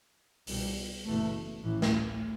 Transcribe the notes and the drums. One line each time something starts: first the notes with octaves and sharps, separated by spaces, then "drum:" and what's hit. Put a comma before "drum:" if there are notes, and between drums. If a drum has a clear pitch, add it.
C2 B2 G3, drum: open hi-hat
F#1 E2 B2 A3
A1 A2 E3
drum: snare